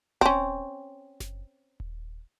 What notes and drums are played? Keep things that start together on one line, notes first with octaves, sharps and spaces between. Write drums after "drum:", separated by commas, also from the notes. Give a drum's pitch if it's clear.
C4 C#4, drum: kick D#1
drum: snare F#1
drum: kick D#1